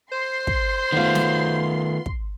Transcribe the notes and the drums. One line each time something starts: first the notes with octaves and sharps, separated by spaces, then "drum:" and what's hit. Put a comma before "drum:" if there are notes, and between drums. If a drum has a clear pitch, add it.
C5 C6
drum: kick
D#3 A3 B3 F4
drum: snare
drum: kick